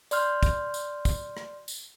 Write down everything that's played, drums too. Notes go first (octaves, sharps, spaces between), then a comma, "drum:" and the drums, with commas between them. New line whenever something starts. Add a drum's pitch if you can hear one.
D5 C6 F6 G6, drum: tambourine
drum: kick, tambourine
drum: tambourine
drum: kick, tambourine
drum: rim click
drum: tambourine